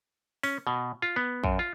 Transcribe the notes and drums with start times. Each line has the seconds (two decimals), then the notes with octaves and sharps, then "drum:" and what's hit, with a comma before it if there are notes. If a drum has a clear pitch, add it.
0.43 C#4, drum: open hi-hat
0.67 B2
1.02 F4
1.16 B3
1.44 F#2, drum: kick
1.59 F4